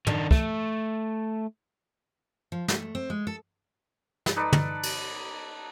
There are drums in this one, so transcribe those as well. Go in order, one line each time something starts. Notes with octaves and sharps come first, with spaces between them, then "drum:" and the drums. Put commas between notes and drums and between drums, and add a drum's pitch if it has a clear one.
D#3 D4, drum: tom
A3, drum: kick
F3
A3, drum: snare
C4
G#3
A4
drum: snare
D#4 A4 B4 D5
drum: tom
drum: cymbal